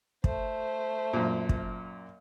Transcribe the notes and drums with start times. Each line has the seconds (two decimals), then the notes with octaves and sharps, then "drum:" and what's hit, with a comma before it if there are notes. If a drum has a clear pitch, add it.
0.24 A3 C5, drum: kick
1.13 F#2 A#2
1.49 drum: kick